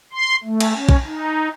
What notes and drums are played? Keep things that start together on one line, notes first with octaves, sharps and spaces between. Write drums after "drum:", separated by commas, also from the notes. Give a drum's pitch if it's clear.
C6
A3
drum: cymbal
C#4
drum: kick
D#4